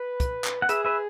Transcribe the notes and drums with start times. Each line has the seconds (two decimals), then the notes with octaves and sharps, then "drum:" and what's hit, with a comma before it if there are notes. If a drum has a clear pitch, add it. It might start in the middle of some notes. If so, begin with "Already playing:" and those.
Already playing: B4
0.20 drum: kick, hi-hat
0.44 drum: clap
0.62 F#5
0.69 G#4 B4 E5, drum: hi-hat
0.85 B4 E5